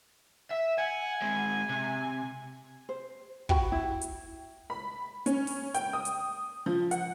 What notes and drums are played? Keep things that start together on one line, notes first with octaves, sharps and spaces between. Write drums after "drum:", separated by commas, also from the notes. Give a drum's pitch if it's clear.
E5
F#5 G#5
G#3 C4
C3
C5
F#4 G5 B5, drum: kick
E4
drum: hi-hat
B5
C#4, drum: hi-hat
drum: open hi-hat
G5, drum: hi-hat
D#6
drum: hi-hat
F3
F#5, drum: hi-hat